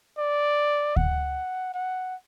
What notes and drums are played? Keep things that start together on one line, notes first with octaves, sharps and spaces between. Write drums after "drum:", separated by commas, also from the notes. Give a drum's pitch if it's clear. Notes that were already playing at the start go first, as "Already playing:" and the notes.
D5
F#5, drum: kick D2
F#5